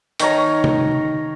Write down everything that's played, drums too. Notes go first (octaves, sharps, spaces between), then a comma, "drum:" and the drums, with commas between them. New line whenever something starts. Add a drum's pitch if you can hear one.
D#3 C#5 A#5, drum: hi-hat
drum: tom C3